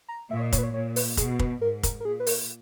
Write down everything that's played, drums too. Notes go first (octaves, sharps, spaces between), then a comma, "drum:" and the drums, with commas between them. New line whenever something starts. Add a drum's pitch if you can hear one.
A#5
A#2 E5
C#5
D#5
C#5, drum: kick, hi-hat
B4
C#5
A#2 C#5
B4, drum: open hi-hat
B2 G#4, drum: kick, hi-hat
B4, drum: kick
G#2 A#4
A#4, drum: kick, hi-hat
A#4
A#2 G#4
B4
A#4, drum: open hi-hat